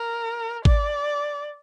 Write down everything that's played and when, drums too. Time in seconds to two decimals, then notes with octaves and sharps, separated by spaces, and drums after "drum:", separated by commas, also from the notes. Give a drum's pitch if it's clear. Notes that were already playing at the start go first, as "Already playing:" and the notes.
Already playing: A#4
0.65 D5, drum: kick